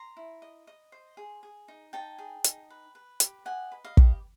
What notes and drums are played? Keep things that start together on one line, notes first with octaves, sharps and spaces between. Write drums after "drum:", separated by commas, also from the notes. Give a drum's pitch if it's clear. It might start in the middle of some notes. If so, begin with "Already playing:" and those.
Already playing: A#5 C6
E4
D#5
D#5
C5
G#4
G#4
D#4
D#4 G5 A5
G#4
D#4, drum: hi-hat
B4
B4
G4, drum: hi-hat
D#5 F#5 G#5
B4
D#5 F5
G4, drum: kick